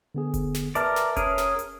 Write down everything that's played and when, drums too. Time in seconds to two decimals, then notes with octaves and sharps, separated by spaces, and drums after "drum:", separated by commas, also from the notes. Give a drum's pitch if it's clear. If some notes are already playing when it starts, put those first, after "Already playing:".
0.15 D3 B3 G#4
0.34 drum: kick F1, hi-hat
0.54 drum: snare
0.75 A#4 B4 D5 E5 A5, drum: hi-hat
0.96 drum: snare
1.16 C#4 G#4 A#4, drum: kick F1, hi-hat
1.38 drum: snare
1.59 drum: hi-hat